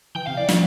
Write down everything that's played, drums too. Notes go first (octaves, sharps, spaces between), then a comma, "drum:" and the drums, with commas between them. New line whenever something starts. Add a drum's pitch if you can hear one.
E3 G5
C3 F5
E3 D5
F3 F5, drum: snare